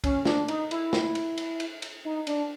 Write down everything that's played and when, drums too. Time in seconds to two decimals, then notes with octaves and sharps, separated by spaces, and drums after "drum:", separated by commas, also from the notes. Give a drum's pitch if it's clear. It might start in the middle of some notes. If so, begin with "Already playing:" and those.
0.04 C#4, drum: kick, cymbal
0.25 D4, drum: snare
0.48 D#4, drum: cymbal
0.71 E4, drum: cymbal
0.93 drum: snare
1.15 drum: cymbal
1.38 drum: cymbal
1.60 drum: cymbal
1.82 drum: cymbal
2.05 D#4
2.27 D4, drum: cymbal